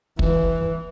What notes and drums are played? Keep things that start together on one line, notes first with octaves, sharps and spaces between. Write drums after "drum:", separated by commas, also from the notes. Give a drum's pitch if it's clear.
E3, drum: kick